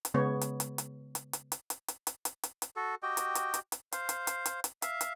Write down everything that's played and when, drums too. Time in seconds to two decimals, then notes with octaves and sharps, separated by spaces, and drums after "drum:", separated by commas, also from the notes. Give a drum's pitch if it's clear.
0.05 drum: hi-hat
0.14 C#3 G#3 B3 C#5
0.41 drum: hi-hat
0.60 drum: hi-hat
0.78 drum: hi-hat
1.15 drum: hi-hat
1.33 drum: hi-hat
1.52 drum: hi-hat
1.70 drum: hi-hat
1.88 drum: hi-hat
2.07 drum: hi-hat
2.25 drum: hi-hat
2.43 drum: hi-hat
2.62 drum: hi-hat
2.76 F#4 A4
3.03 F#4 G4 D#5 G5
3.17 drum: hi-hat
3.35 drum: hi-hat
3.54 drum: hi-hat
3.72 drum: hi-hat
3.92 C5 F5, drum: hi-hat
4.09 drum: hi-hat
4.27 drum: hi-hat
4.46 drum: hi-hat
4.64 drum: hi-hat
4.82 E5 F5, drum: hi-hat
5.01 drum: hi-hat